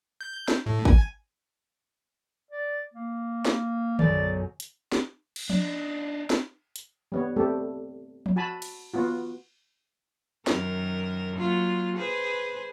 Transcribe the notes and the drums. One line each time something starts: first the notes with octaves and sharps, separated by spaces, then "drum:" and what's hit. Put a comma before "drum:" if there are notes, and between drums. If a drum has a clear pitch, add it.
G6
drum: snare
A2
G#5, drum: kick
D5
A#3
drum: snare
B1 F#2 D5, drum: tom D3
drum: hi-hat
drum: snare
drum: cymbal
D4 D#4, drum: tom F3
drum: snare
drum: hi-hat
G3 B3 C#5
G3 A3 C4 G4 A4
drum: tom F3
F#4 G#5 A5 B5
drum: cymbal
B3 F4 F#4
F#2 D#3 A#4, drum: snare
F#3 A#3 F4
G#4 B4 C5